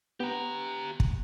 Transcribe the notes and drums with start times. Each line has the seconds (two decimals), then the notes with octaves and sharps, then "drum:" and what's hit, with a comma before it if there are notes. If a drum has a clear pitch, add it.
0.20 B3 G4 A#5
1.00 drum: kick